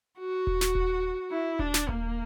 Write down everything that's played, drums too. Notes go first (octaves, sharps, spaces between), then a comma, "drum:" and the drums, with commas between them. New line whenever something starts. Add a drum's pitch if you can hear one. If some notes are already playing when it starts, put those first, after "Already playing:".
F#4
drum: kick D#1
drum: snare
drum: kick D#1
E4
D4, drum: kick D#1
drum: snare
A#3, drum: kick D#1